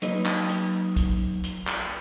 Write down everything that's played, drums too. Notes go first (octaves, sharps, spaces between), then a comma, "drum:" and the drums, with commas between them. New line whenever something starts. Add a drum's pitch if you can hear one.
F#3 A#3 D#4 G#4 B4 D#5, drum: hi-hat
drum: clap
drum: hi-hat
drum: kick A#1, hi-hat
drum: hi-hat
drum: clap